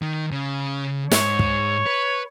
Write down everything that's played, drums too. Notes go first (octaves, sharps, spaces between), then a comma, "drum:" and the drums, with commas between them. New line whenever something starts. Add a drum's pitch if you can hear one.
D#3
C#3
G#2 C#5, drum: snare
drum: kick
B4